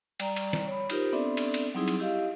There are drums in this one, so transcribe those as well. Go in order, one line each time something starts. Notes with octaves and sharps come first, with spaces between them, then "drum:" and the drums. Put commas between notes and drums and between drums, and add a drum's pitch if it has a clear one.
G3 D5 G5 A#5, drum: cymbal
drum: cymbal
drum: snare
C#5 B5
D#4 F4 G4 A#4 C5, drum: cymbal
B3 C4 D4 A4 D5 E5
drum: cymbal
drum: cymbal
F#3 G3 C4 D#4 E4 G#4
drum: cymbal
E4 G4 D#5 F5